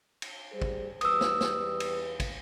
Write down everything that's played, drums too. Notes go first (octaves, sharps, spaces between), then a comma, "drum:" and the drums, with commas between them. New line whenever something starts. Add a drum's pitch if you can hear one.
drum: cymbal
G3 G#4 C5
drum: kick
E2 G3 B4 D#6 E6, drum: cymbal
drum: snare
drum: snare
drum: cymbal
drum: kick, cymbal